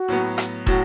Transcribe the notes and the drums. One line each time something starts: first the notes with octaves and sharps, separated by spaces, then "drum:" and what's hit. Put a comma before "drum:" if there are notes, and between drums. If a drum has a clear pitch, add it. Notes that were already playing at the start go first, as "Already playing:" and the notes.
Already playing: F#4
A2 F#3 B3
drum: rim click
A2 F#3 F#4, drum: kick